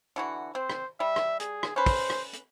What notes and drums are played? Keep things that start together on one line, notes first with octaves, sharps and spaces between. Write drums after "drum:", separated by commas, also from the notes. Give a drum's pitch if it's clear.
D3 E3 F#4
C4 C5
drum: rim click
G3 E5
drum: rim click
G#4, drum: hi-hat
drum: rim click
C#4 B4 C5
drum: kick, open hi-hat
drum: rim click
drum: hi-hat